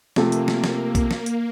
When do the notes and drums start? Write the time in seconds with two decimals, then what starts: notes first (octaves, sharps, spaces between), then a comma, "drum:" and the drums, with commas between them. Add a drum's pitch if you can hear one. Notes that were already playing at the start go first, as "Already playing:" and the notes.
0.16 C3 F3 A3 A#3, drum: snare
0.32 drum: hi-hat
0.48 drum: snare
0.64 drum: snare
0.95 drum: kick B1, hi-hat
1.11 drum: snare
1.26 drum: hi-hat